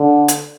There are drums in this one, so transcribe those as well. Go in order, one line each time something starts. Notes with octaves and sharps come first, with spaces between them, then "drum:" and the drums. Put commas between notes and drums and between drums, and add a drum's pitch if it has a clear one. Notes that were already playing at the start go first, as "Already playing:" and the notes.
Already playing: D3
drum: hi-hat